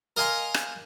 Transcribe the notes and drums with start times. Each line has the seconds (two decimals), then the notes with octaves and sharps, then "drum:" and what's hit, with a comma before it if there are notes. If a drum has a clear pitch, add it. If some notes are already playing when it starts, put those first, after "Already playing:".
0.17 A#4 D#5 F5 G#5 A#5 C6
0.54 drum: rim click